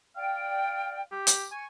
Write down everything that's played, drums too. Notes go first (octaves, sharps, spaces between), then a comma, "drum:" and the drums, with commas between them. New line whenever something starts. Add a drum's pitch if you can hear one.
D5 F5 G5
G4
drum: hi-hat
G#5 C#6